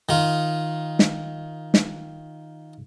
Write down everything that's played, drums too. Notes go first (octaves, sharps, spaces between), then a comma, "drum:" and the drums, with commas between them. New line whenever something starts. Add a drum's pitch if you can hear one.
D#3 F4
drum: snare
drum: snare